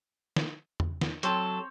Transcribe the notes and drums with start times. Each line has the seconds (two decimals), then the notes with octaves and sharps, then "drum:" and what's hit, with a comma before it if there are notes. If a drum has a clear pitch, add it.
0.36 drum: snare
0.80 drum: tom
1.01 drum: snare
1.23 F#3 C4 A4 C#5, drum: hi-hat